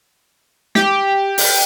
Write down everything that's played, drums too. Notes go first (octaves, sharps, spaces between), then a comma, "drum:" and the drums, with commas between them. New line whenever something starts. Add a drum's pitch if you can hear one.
G4, drum: snare
drum: open hi-hat